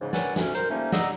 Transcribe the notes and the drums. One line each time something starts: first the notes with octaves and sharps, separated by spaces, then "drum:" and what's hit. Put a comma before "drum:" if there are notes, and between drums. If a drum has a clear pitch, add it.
G#2 C#3 E3
A#4 B4 C#5 D5 F#5 G#5, drum: snare
D2 C#4, drum: snare
A#4 C5, drum: hi-hat
F3 G3 A3 A#3 C#4 D#4
D5 D#5 F#5 A#5 D#6 E6, drum: snare